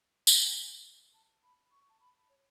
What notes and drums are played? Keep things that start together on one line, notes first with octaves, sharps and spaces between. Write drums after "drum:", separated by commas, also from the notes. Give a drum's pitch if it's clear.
G#5, drum: tambourine
A5
B5
C#6
A5
B5
C#5